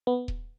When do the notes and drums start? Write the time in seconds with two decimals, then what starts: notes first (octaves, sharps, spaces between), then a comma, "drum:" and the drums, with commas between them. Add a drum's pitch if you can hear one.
0.07 B3
0.28 drum: kick D#1